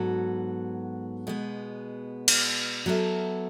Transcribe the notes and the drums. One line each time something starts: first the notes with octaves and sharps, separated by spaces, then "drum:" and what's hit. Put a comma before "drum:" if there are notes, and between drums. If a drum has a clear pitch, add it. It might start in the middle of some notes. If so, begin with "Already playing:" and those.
Already playing: G#2 F#3 B3 F#4 A4
B2 G#3 B3
drum: cymbal
F#3 B3 F#4 A4 E5